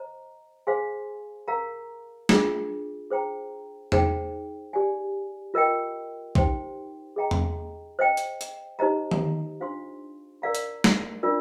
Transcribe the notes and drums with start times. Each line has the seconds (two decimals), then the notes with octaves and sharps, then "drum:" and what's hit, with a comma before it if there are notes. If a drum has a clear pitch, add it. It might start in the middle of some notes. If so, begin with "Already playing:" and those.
Already playing: C5 D#5 A#5
0.67 G#4 C5 F5 G#5 C6
1.48 A#4 F5 A#5
2.29 D4 F4 G#4, drum: snare
3.10 G#4 C5 G5 A#5
3.92 D#4 G#4 C5 G5, drum: tom E2
4.73 G4 D5 G#5
5.54 F4 A#4 D#5 G5
6.35 D#4 G4 C5 G5 C6, drum: kick B1
7.16 G#4 D#5 G5 A#5
7.31 drum: tom E2
7.99 C5 D#5 G5
8.17 drum: hi-hat
8.41 drum: hi-hat
8.79 D#4 G4 C5 D#5 A#5
9.11 drum: tom D#3
9.60 D4 F4 C5 F5 C6
10.42 A#4 D5 F5 A#5
10.55 drum: hi-hat
10.84 drum: snare
11.23 D4 F4 A#4 D5